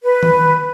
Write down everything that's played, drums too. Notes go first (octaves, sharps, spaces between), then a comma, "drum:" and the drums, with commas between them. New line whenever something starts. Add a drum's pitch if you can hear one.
B4
drum: tom D#3